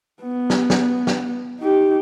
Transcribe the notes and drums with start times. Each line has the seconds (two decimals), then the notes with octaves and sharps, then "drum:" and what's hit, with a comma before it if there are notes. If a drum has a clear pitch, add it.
0.22 B3
0.50 drum: snare
0.70 drum: snare
1.07 drum: snare
1.60 D#4 G4